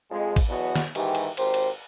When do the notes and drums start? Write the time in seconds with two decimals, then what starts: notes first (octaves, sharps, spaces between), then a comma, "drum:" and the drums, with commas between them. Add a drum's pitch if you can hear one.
0.11 F2 F3 G#3
0.36 drum: kick, cymbal
0.49 E2 B2 F#3 B3 F#4
0.75 drum: snare
0.95 G#2 D#3 E3 G4, drum: cymbal
1.15 drum: cymbal
1.37 G#1 G4 A#4 C5, drum: cymbal
1.54 drum: cymbal